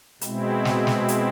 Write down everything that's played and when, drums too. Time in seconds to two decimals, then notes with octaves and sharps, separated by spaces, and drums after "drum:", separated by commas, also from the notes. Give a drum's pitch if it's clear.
0.21 B2 G#3 C4 E4, drum: hi-hat
0.65 drum: snare
0.87 drum: snare
1.08 drum: hi-hat